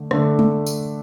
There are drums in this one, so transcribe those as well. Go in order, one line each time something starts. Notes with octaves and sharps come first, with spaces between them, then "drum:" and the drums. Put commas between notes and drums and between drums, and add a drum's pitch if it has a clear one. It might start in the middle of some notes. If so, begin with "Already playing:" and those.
Already playing: D3 A3
D3 A3 D4, drum: rim click
drum: tom G#3
drum: tambourine